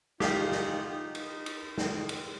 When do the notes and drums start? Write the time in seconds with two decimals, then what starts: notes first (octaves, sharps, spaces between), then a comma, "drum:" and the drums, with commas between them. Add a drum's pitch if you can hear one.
0.20 D#4 F4 G4 G#4 F5 F#5, drum: snare
0.52 drum: snare
0.91 D#4
1.15 drum: cymbal
1.46 drum: cymbal
1.78 drum: snare
2.09 drum: cymbal